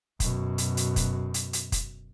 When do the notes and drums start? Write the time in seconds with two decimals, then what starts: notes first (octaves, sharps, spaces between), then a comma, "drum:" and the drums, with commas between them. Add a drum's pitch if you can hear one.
0.20 F#2 B2, drum: kick F1, hi-hat
0.58 drum: hi-hat
0.77 drum: hi-hat
0.96 drum: kick F1, hi-hat
1.34 drum: hi-hat
1.53 drum: hi-hat
1.72 drum: kick F1, hi-hat